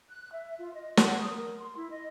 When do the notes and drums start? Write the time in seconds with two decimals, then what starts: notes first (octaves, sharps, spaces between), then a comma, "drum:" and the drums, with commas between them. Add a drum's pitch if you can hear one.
0.11 F#6
0.32 E5
0.59 F4
0.74 D#5
0.97 F#5, drum: snare
1.18 D#6
1.31 A#4
1.59 C6
1.76 E4
1.90 D#5